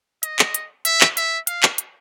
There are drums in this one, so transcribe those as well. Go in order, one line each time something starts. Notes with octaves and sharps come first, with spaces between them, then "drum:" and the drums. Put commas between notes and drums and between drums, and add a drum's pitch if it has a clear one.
D#5, drum: hi-hat
drum: clap
drum: hi-hat
E5, drum: hi-hat
drum: clap
E5, drum: hi-hat
F5, drum: hi-hat
drum: clap
drum: hi-hat